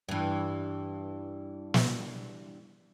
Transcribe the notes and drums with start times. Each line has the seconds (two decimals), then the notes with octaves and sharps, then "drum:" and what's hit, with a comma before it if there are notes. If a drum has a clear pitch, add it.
0.09 G2 E3
1.74 drum: snare